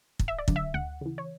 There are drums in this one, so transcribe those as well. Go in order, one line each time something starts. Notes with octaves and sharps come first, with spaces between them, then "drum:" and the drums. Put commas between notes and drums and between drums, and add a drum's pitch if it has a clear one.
G#1, drum: kick
E5
D5
F#2 D3, drum: kick
E5
D2 F#5
C#3 E3
C#5